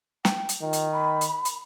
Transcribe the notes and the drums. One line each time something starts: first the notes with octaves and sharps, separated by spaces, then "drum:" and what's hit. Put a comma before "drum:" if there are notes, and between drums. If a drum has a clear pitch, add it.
G5, drum: snare
drum: hi-hat
D#3 F4
drum: hi-hat
B5
drum: hi-hat
drum: hi-hat